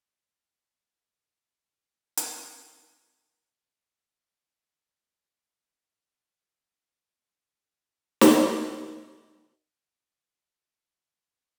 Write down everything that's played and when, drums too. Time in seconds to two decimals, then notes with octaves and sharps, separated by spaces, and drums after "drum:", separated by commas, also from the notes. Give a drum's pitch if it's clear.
0.21 C4 C#5
2.17 drum: hi-hat
3.14 F2 E3 C#4
3.28 A#3 B3 F4
7.10 G#3
8.21 drum: snare
8.97 G4
9.41 F#2 D#3 F#4 F5 A#5 C6 D#6
10.15 A#2 G4 D5
10.65 C4
11.05 C6